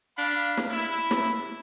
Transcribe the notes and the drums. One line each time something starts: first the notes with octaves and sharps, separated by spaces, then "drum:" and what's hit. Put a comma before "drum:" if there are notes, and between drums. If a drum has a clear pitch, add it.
D4 F5 B5
drum: snare
E4
drum: snare